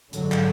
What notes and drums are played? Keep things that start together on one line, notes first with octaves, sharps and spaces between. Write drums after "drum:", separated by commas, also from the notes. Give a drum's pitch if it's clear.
G#2 D3 F#3, drum: hi-hat
drum: clap